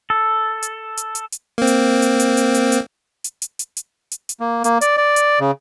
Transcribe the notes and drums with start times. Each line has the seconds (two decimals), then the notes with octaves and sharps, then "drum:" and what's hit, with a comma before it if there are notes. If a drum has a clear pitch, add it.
0.10 A4
0.63 drum: hi-hat
0.97 drum: hi-hat
1.15 drum: hi-hat
1.32 drum: hi-hat
1.58 A#3 C4
1.67 drum: hi-hat
2.02 drum: hi-hat
2.20 drum: hi-hat
2.37 drum: hi-hat
2.54 drum: hi-hat
2.72 drum: hi-hat
3.24 drum: hi-hat
3.42 drum: hi-hat
3.59 drum: hi-hat
3.77 drum: hi-hat
4.12 drum: hi-hat
4.29 drum: hi-hat
4.40 A#3
4.64 A#3, drum: hi-hat
4.81 D5, drum: hi-hat
4.97 D5
5.16 drum: hi-hat
5.40 C#3